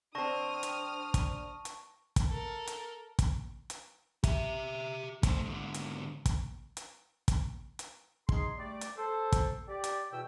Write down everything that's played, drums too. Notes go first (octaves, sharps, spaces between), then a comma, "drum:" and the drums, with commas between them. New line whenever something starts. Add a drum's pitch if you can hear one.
D3 C4 D4 A5 C#6 D#6 F6 A#6
drum: hi-hat
drum: kick, hi-hat
drum: hi-hat
drum: kick, hi-hat
A4 A#4
drum: hi-hat
drum: kick, hi-hat
drum: hi-hat
G4 E5, drum: kick, hi-hat
A3 C5, drum: kick, hi-hat
G#2 D3
drum: hi-hat
drum: kick, hi-hat
drum: hi-hat
drum: kick, hi-hat
drum: hi-hat
D#4 G#4 C6, drum: kick
G3 A3 D5
drum: hi-hat
A4 C5
drum: kick, hi-hat
G4 D5
drum: hi-hat
E2 B2 G5 E6